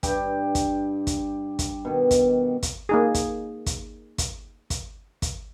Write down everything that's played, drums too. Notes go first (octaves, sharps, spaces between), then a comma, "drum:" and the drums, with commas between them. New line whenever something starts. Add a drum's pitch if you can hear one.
G2 G4 G5, drum: kick, hi-hat
drum: kick, hi-hat
drum: kick, hi-hat
drum: kick, hi-hat
B2 D#3
drum: kick, hi-hat
drum: kick, hi-hat
A#3 D#4 G#4
drum: kick, hi-hat
drum: kick, hi-hat
drum: kick, hi-hat
drum: kick, hi-hat
drum: kick, hi-hat